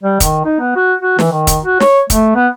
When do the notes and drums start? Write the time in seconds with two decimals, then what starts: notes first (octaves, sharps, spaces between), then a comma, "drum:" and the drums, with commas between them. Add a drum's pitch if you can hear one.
0.03 G3
0.20 D#3, drum: kick, hi-hat
0.45 D#4
0.60 B3
0.76 F#4
1.01 F#4
1.19 E3, drum: snare
1.32 D#3
1.47 drum: kick, hi-hat
1.64 F#4
1.80 C#5, drum: snare
2.10 A3, drum: kick, hi-hat
2.35 B3